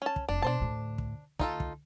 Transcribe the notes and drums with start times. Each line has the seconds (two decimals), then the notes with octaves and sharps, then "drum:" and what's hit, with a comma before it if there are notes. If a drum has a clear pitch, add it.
0.02 C#4 A5
0.16 drum: kick
0.29 F1 D4
0.42 B2 D4 C5 A5
0.60 D2 A2
0.98 drum: kick
1.39 D2 D#4 F4 A4, drum: kick
1.60 drum: kick